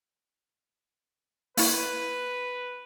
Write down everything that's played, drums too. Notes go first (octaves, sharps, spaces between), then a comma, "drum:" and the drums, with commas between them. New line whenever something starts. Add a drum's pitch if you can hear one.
A#3 E4 B4, drum: open hi-hat